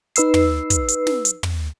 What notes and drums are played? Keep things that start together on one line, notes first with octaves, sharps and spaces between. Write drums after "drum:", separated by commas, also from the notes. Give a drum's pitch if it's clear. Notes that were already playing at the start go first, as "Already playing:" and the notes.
D#4 B4 E6 C7, drum: hi-hat
drum: tom
drum: kick, hi-hat
drum: hi-hat
drum: snare
drum: hi-hat
drum: tom